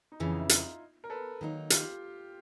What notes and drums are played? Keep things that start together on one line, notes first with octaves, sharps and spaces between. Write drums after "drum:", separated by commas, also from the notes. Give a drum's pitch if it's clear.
D#4
F2 C#3 E3 E4
D#4
E4
D#4 F4, drum: hi-hat
A#4
A4 B4
D#3 F#3 A#3 D#4
F4 G4, drum: hi-hat